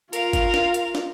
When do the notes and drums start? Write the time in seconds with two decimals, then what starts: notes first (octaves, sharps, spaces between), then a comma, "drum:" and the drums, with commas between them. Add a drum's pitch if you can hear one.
0.13 F4 A#4 F5, drum: hi-hat
0.33 drum: kick G1, hi-hat
0.54 drum: snare
0.74 drum: hi-hat
0.95 drum: snare